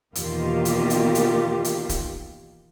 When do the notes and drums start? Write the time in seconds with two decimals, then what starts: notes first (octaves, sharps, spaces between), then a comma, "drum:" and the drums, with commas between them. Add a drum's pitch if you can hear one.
0.15 E2 B2 D#3 A#3 F4 G4, drum: hi-hat
0.65 drum: hi-hat
0.90 drum: hi-hat
1.15 drum: hi-hat
1.64 drum: hi-hat
1.89 drum: kick, hi-hat